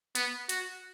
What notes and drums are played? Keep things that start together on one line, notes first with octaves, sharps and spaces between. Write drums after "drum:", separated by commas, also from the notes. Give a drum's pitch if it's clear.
B3, drum: hi-hat
F#4, drum: hi-hat